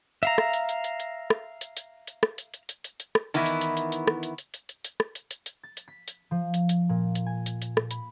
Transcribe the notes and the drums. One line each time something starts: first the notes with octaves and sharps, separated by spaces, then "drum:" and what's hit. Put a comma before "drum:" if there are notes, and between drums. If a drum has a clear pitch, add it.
E5 F5 A#5, drum: hi-hat
drum: rim click
drum: hi-hat
drum: hi-hat
drum: hi-hat
drum: hi-hat
drum: rim click
drum: hi-hat
drum: hi-hat
drum: hi-hat
drum: rim click
drum: hi-hat
drum: hi-hat
drum: hi-hat
drum: hi-hat
drum: hi-hat
drum: rim click
D#3 E3 B3 E4
drum: hi-hat
drum: hi-hat
drum: hi-hat
drum: hi-hat
drum: rim click
drum: hi-hat
drum: hi-hat
drum: hi-hat
drum: hi-hat
drum: hi-hat
drum: rim click
drum: hi-hat
drum: hi-hat
drum: hi-hat
A6
drum: hi-hat
B6
drum: hi-hat
F3
drum: hi-hat
drum: hi-hat
A#2
drum: hi-hat
G#5
drum: hi-hat
drum: hi-hat
drum: rim click
B5, drum: hi-hat